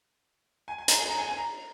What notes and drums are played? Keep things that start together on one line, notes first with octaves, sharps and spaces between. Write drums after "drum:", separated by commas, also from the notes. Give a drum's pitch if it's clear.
G#5
G#5
A#5, drum: hi-hat
G#5
A#5
G#5
G#5
A#5